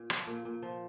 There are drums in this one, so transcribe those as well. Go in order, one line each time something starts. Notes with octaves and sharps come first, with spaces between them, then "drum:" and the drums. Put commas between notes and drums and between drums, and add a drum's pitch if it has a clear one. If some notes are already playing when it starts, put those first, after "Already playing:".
Already playing: A#2
F3, drum: rim click
A#2
A#2
F3